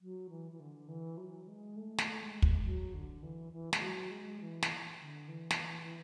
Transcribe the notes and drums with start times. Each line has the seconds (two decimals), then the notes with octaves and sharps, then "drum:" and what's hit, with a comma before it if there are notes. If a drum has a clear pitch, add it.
0.01 F#3
0.29 E3
0.52 E3
0.59 D3
0.88 E3
1.18 F#3
1.47 G#3
1.77 A3
1.98 drum: snare
2.20 G#3
2.42 drum: kick
2.65 F#3
2.94 D3
3.23 E3
3.53 E3
3.73 G#3, drum: snare
3.81 F#3
4.11 G#3
4.40 E3
4.62 drum: snare
4.99 D3
5.28 E3
5.51 drum: snare